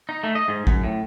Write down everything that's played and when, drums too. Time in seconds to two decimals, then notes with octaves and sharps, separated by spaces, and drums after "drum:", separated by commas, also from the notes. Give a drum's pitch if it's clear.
0.09 D#4
0.23 A3
0.35 D#5
0.48 G#2
0.67 F#2, drum: kick
0.84 A2